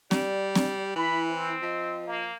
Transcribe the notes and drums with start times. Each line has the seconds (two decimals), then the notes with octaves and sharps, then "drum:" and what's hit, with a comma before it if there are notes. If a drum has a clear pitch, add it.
0.11 G3 D5, drum: snare C4
0.55 drum: snare C4
0.96 E3 E4 B5
1.29 C4
1.62 F3 D#5
2.07 A#3